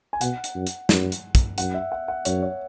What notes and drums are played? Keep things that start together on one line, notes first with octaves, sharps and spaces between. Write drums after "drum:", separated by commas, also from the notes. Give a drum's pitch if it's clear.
G#5
B2 F#5, drum: hi-hat
drum: hi-hat
F#2
drum: hi-hat
F#2, drum: snare
drum: hi-hat
drum: kick, hi-hat
F#2 F#5, drum: hi-hat
E5
F#5
F#5
F#2 C#5, drum: hi-hat
C#5